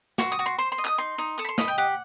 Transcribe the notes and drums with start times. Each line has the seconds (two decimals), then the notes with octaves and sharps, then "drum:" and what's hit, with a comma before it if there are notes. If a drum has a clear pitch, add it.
0.18 F#4 C6, drum: snare
0.32 D#6
0.39 F#4
0.46 C6
0.58 C5 C6
0.72 C6
0.78 D#5
0.85 D#6, drum: clap
0.98 D#4 C6
1.18 D#4
1.38 A4 D#6
1.44 B5
1.49 C6
1.58 D#5 B5, drum: snare
1.68 G5
1.78 G4 F#5